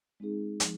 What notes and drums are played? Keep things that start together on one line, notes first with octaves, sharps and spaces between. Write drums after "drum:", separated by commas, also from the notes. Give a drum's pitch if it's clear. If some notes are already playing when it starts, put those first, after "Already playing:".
G#3 C4 D#4 G#4
F3, drum: hi-hat